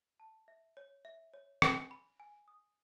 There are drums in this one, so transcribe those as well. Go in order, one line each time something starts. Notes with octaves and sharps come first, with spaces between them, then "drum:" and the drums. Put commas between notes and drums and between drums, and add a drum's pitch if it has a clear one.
A5
E5
C#5
E5
C#5
G#5, drum: rim click
B5
G#5
D#6